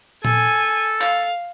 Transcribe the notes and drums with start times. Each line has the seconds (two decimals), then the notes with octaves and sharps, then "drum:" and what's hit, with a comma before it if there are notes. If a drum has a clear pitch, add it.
0.25 A4 G#5, drum: tom A#2
1.01 F5, drum: clap